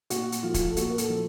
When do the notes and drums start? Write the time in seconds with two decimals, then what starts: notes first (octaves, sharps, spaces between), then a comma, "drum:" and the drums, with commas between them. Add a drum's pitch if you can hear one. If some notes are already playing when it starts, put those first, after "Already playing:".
0.10 A#2 F#4, drum: hi-hat
0.32 drum: hi-hat
0.43 F3 A3 F4
0.54 drum: kick, hi-hat
0.70 A4
0.76 A#2 F#4, drum: hi-hat
0.90 A#4
0.98 A4, drum: hi-hat
1.10 F3 A3